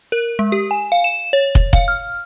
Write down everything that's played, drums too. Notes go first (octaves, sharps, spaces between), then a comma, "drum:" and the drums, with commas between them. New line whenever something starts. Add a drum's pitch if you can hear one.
A#4
G#3
G4
G#5
F5
E7
C#5
drum: kick
F5, drum: kick
F6